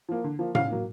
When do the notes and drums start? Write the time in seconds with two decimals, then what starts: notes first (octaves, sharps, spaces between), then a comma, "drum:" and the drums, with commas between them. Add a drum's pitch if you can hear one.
0.09 F3 A#3
0.24 D3
0.39 F3 A#3
0.55 C#3 F5, drum: tom A2
0.70 F#3 A#3